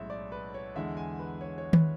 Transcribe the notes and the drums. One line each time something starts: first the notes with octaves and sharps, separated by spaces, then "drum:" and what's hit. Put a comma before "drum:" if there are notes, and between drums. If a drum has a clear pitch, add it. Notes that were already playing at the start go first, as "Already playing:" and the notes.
Already playing: B1 A2 G#3 C#4 E5
D5
B4
C#5
E2 D3 G#3 E5
G#5
B4
C#5
C#5
B4, drum: tom D#3